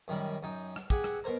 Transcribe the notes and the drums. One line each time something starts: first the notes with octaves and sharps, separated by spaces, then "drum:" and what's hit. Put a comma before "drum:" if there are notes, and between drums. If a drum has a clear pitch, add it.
F#2 D#3 G3
F#2 D#4 G5
drum: rim click
G4 G#4 F#5, drum: kick
drum: rim click
B2 A#4 C5 A#5